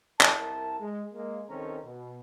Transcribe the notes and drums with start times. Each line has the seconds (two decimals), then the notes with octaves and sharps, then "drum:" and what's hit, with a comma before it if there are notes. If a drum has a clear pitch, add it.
0.21 C2 E4 A#4 A5, drum: clap
0.79 G#3
1.14 G#3 A#3
1.48 C2 D#3 C4 C#4 A4 A#5
1.84 B2